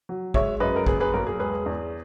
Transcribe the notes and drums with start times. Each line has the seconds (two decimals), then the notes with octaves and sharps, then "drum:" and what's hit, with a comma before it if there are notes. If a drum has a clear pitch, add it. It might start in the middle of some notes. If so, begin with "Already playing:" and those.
0.09 F#3
0.34 G#3 C#5 E5, drum: kick
0.60 F#2 B4 D#5
0.76 A#4
0.86 A#3 G#4 B4, drum: kick
1.00 G#4 B4
1.14 B1 A#4
1.27 G#4
1.39 E1 G#4 B4
1.66 E2